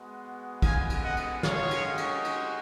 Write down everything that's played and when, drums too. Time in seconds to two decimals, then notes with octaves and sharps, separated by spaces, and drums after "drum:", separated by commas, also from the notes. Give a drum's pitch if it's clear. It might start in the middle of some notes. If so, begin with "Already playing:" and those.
Already playing: G#3 B3 F#4
0.62 F5 G#5, drum: kick, cymbal
0.90 drum: cymbal
1.03 D#5 F#5
1.17 drum: cymbal
1.43 G#3 D#4 F#4 C#5 F5, drum: snare
1.71 drum: cymbal
1.98 drum: cymbal
2.25 drum: cymbal